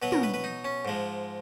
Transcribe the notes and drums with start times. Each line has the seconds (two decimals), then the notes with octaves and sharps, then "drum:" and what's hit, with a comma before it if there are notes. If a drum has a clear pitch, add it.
0.02 B2 F#3 B4
0.12 A#4, drum: tom
0.23 B4
0.34 B4
0.44 D#4
0.65 C#4
0.85 G#2 F3 G#3